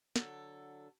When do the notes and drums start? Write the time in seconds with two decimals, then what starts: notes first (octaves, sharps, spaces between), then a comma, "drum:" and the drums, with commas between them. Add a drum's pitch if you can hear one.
0.16 D3 F#3 A4, drum: snare